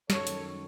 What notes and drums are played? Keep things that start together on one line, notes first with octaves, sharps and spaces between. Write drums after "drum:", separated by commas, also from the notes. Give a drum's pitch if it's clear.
F#2 D#3 A4 C#5, drum: snare
drum: hi-hat